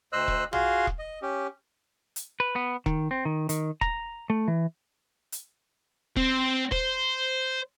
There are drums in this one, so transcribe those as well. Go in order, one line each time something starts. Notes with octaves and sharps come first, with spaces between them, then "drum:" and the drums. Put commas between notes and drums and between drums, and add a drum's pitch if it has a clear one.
D2 C5 D#5 E6 F#6
drum: kick E1
F4 F#4 G#4 F5 C6, drum: tom
drum: kick E1
D#5
C#4 G4
drum: hi-hat
B4
B3
D#3, drum: kick E1
C4
D#3
D#3, drum: hi-hat
A#5, drum: kick E1
A3
E3
drum: hi-hat
C4, drum: kick E1
C5, drum: kick E1